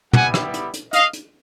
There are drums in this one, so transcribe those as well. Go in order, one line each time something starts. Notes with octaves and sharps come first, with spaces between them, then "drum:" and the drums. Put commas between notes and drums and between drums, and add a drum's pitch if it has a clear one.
G3 B3 E4 G4 F#5 G#5, drum: tom
drum: rim click
drum: hi-hat
drum: hi-hat
D#5 F5, drum: hi-hat
drum: hi-hat